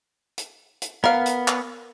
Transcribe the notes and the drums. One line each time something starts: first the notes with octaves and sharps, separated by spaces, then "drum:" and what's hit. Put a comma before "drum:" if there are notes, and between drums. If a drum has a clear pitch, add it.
drum: hi-hat
drum: hi-hat
B3 A#4 F5
drum: hi-hat
drum: clap